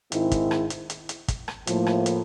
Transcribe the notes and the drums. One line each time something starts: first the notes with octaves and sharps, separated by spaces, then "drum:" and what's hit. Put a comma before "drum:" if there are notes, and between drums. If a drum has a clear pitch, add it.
G#2 D#3 G#3 C4 E4, drum: hi-hat
drum: kick, hi-hat
drum: rim click
drum: hi-hat
drum: hi-hat
drum: hi-hat
drum: kick, hi-hat
drum: rim click
A2 F3 A#3, drum: hi-hat
drum: rim click
drum: hi-hat